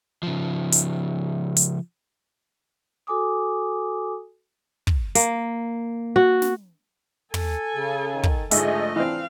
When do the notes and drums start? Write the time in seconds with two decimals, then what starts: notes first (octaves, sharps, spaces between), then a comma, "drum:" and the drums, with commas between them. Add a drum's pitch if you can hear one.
0.23 C#3 F3
0.72 drum: hi-hat
1.57 drum: hi-hat
3.07 F#4 A4 G#5 D6 D#6
4.87 drum: kick
5.15 A#3, drum: hi-hat
6.16 F#4
6.42 drum: snare
7.34 A4 G#5, drum: tom
7.75 C#3 G#4
8.14 D#3
8.23 drum: kick
8.51 G#2 D3 F3 A3 G#4 D#5 E5, drum: hi-hat
8.96 E3 C4 D4 F5